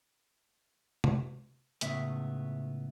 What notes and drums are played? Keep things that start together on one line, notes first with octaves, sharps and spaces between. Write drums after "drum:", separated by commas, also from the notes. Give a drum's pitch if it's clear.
drum: tom C3
C#2 A2 C#3 B3 E5, drum: hi-hat